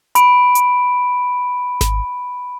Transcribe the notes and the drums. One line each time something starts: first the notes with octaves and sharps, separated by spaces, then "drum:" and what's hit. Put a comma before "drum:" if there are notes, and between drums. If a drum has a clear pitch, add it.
B5 D7, drum: hi-hat
drum: hi-hat
drum: snare G#1